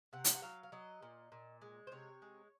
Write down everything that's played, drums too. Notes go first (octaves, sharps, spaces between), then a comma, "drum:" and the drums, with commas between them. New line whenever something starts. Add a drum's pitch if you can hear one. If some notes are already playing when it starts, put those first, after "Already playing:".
C3 F#5
drum: hi-hat
F#5
F#3 F5
F5
F#3 D#5
A#2
A#2
G#3
C5
C3 C#5
G#3